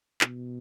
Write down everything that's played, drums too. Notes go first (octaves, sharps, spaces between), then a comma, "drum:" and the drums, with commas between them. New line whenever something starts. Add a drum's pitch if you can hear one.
B2, drum: clap